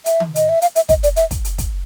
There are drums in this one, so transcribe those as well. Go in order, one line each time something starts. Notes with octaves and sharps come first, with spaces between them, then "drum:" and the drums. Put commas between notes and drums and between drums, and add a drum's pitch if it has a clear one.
E5, drum: hi-hat
drum: tom D#3
D#5, drum: hi-hat
E5
F5, drum: hi-hat
E5, drum: hi-hat
D#5, drum: kick, hi-hat
D5, drum: hi-hat
E5, drum: hi-hat
drum: kick, hi-hat
drum: hi-hat
drum: kick, hi-hat